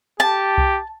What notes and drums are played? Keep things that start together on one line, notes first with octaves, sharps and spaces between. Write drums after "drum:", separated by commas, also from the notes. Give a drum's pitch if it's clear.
G4 A5
drum: kick C2